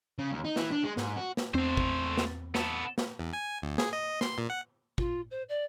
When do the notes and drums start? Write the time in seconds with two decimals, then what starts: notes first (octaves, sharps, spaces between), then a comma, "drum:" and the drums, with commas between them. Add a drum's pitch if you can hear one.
0.18 C#3
0.32 D#2
0.44 D#4
0.56 E3, drum: snare
0.71 D4
0.84 G#3
0.97 G#2, drum: snare
1.17 F#4
1.37 drum: snare
1.54 E2 A3 C4 C5
1.77 drum: kick
2.17 drum: snare
2.55 B3 A4, drum: snare
2.98 drum: snare
3.19 E2
3.33 G#5
3.62 D2
3.78 G#4, drum: snare
3.93 D#5
4.21 C6, drum: snare
4.38 A#2
4.50 F#5
4.98 F4, drum: kick
5.31 C5
5.49 D5